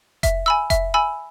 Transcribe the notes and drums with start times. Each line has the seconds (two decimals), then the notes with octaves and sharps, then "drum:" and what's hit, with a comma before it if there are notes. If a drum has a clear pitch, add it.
0.23 E5, drum: kick F1, hi-hat
0.46 G#5 B5 E6
0.70 E5, drum: kick F1, hi-hat
0.94 G#5 B5 E6